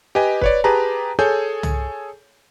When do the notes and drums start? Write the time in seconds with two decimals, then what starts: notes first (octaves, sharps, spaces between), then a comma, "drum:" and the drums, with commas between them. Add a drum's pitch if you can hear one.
0.15 G4 B4 D#5 G#5
0.41 B4 C#5 D5, drum: kick
0.64 G4 G#4 B4 A5 A#5
1.19 G#4 A4 C#5 G#5 G6
1.63 drum: tom